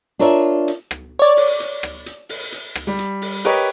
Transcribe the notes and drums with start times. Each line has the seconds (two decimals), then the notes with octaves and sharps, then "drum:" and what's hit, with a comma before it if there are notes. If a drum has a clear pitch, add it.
0.19 D4 F4 A#4 C#5 D5 E5
0.68 drum: hi-hat
0.91 drum: rim click
1.19 C#5 D5
1.37 drum: open hi-hat
1.60 drum: hi-hat
1.83 drum: rim click
2.06 drum: hi-hat
2.29 drum: open hi-hat
2.52 drum: hi-hat
2.75 drum: rim click
2.87 G3
2.99 drum: hi-hat
3.22 drum: open hi-hat
3.45 G4 A#4 B4 C#5 D#5, drum: hi-hat